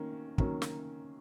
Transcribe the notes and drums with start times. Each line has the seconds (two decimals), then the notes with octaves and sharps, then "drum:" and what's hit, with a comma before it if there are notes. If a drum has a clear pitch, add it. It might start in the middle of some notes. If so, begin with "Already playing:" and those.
Already playing: D#3 A#3 C#4
0.38 D#3 F#3 A#3 C#4, drum: kick
0.62 drum: snare